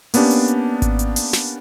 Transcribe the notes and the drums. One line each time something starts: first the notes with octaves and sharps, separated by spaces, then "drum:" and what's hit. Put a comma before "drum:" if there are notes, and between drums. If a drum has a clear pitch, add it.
A#3 B3 C#4 D4 G4, drum: open hi-hat
drum: hi-hat
drum: hi-hat
drum: kick G#1, hi-hat
drum: hi-hat
drum: open hi-hat
drum: snare